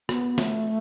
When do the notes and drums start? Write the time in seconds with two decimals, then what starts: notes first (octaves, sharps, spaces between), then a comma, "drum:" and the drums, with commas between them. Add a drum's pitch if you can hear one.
0.09 B3, drum: rim click
0.38 A3, drum: snare